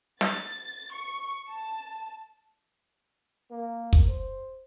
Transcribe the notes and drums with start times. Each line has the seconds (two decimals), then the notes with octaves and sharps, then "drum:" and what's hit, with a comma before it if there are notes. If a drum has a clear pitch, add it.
0.21 A6, drum: snare
0.91 C#6
1.49 A5
3.51 A#3
3.93 drum: kick
4.08 C5